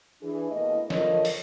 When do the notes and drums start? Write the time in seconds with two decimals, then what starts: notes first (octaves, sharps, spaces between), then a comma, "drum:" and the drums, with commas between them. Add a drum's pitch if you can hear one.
0.22 E3 D4 G#4
0.52 B2 E3 A3 A#3 D#5
0.90 D3 F3 A4 A#4 C#5 D#5, drum: snare
1.25 drum: open hi-hat